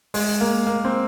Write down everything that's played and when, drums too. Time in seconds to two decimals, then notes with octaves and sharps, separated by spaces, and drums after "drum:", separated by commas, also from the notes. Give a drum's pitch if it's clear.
0.14 G#3, drum: open hi-hat
0.41 A#3
0.67 A#3
0.85 C4